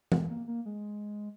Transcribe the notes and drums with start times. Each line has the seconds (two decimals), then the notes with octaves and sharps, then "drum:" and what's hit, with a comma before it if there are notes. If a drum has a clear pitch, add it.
0.12 G#3, drum: tom E3
0.30 A#3
0.48 A#3
0.66 G#3